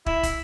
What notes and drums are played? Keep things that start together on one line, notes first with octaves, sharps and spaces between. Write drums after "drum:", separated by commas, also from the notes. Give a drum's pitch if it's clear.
E4, drum: kick
drum: kick, hi-hat